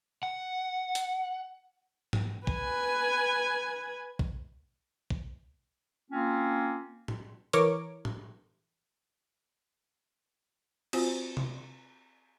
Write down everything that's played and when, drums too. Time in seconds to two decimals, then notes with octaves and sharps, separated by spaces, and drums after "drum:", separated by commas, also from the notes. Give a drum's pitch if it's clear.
0.23 F#5
0.95 drum: hi-hat
2.13 drum: tom G#2
2.47 B4 G#5, drum: kick B1
4.19 drum: kick B1
5.10 drum: kick B1
6.10 A#3 C4 C#4 F4
7.08 drum: tom
7.53 E3 A#4 C#5 D6, drum: hi-hat
8.05 drum: tom
10.93 C4 F4 F#4 C5 G#5, drum: cymbal
11.37 drum: tom C3